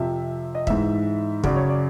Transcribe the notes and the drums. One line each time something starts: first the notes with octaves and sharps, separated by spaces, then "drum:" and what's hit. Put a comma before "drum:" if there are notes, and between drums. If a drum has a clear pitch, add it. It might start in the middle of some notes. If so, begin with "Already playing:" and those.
Already playing: F2 C3 F3 E5
D#5
G#2 E3 E5, drum: kick
F#2 C#3 F#3 D5, drum: kick
C#5
D5